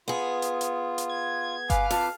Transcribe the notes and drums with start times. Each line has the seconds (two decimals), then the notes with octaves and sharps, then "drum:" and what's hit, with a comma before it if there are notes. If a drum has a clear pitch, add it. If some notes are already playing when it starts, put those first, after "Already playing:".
0.08 B3 F4 G#4
0.42 drum: hi-hat
0.61 drum: hi-hat
0.98 drum: hi-hat
1.10 G#6
1.70 B4 F5 G#5 D6, drum: kick G1, hi-hat
1.91 F2 A5, drum: open hi-hat